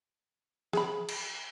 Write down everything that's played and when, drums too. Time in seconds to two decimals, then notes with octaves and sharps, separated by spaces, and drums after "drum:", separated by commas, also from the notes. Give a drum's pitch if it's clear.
0.73 G#4 B5, drum: snare
1.09 drum: cymbal